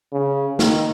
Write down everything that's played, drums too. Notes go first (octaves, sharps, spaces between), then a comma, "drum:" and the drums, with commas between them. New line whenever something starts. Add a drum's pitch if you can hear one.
C#3
D#3, drum: snare